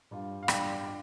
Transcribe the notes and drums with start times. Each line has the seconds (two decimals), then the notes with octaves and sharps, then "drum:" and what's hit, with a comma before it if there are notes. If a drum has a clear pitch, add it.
0.11 G2 G3 D4 F4
0.43 F5
0.48 G2 G3 D4 F4 D5 G5, drum: rim click
0.86 D4 F4 D5